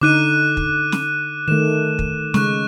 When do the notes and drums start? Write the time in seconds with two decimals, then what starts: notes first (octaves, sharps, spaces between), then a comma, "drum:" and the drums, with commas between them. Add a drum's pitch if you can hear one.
0.01 D3 D#4 D6 F#6 D#7
0.57 drum: kick
0.92 drum: snare
1.48 D#3 A3 E7
1.99 drum: kick
2.34 C#3 G#3 C#6 F#6, drum: snare